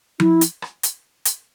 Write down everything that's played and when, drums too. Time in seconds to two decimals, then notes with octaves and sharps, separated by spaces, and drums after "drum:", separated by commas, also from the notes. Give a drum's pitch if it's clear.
0.20 E4, drum: tom F3
0.41 drum: hi-hat
0.62 drum: rim click
0.83 drum: hi-hat
1.25 drum: hi-hat